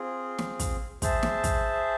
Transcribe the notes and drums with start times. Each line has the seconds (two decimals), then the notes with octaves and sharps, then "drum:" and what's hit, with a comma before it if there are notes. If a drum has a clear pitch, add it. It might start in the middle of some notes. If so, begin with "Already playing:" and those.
Already playing: C4 F4 G#4
0.38 drum: snare
0.60 drum: kick, hi-hat
1.02 G#4 C5 E5 A5, drum: kick, hi-hat
1.23 drum: snare
1.44 drum: kick, hi-hat